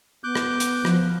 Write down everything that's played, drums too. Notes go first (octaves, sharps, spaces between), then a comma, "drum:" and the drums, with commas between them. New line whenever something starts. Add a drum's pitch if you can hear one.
B3 D6 F#6 G6
drum: rim click
drum: hi-hat
F3, drum: rim click